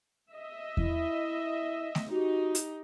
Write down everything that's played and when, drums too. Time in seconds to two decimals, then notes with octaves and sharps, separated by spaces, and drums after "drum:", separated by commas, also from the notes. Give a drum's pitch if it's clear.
0.32 D#5 E5
0.77 E4, drum: kick E2
1.95 drum: snare A3
2.10 D#4 F#4 G4
2.55 drum: hi-hat